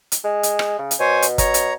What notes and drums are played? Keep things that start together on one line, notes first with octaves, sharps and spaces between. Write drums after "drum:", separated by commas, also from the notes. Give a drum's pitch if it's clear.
drum: hi-hat
G#3
drum: hi-hat
drum: rim click
C#3
drum: hi-hat
B2 C5 C#5 G#5
drum: hi-hat
C#5 A#5, drum: kick G1, hi-hat
drum: hi-hat